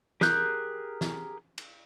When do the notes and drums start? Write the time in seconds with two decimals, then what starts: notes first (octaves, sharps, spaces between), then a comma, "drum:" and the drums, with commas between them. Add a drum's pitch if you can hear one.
0.21 G4 G#4 A#4 F#6 G6, drum: snare
1.01 drum: snare
1.58 drum: cymbal